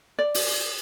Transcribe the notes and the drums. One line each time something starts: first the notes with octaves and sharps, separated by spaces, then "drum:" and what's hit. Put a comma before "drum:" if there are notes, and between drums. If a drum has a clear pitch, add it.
D5
drum: open hi-hat